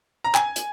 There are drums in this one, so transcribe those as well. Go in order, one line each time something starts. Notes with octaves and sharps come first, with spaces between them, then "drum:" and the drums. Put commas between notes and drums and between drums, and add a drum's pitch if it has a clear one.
A#5
G#5, drum: clap
drum: hi-hat